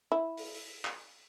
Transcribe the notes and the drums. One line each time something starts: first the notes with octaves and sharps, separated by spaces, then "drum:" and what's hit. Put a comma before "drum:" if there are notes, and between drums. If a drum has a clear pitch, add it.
E4
drum: open hi-hat
drum: open hi-hat
drum: clap